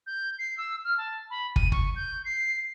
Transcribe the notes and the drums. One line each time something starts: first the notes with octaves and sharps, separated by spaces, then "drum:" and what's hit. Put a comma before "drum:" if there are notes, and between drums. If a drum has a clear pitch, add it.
G6
C7
E6
F6
A5
B5
D#7, drum: kick
C#6, drum: kick
G6
C7